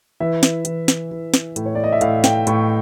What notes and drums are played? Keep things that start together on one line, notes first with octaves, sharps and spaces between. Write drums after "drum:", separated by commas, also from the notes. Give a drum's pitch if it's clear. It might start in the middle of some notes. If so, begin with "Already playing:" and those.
E3 E5
drum: snare
E3, drum: hi-hat
drum: snare
E3
drum: snare
A2, drum: hi-hat
C#5
D5
D#5
E5
A2 F5, drum: hi-hat
G5, drum: snare
A2 C#6, drum: hi-hat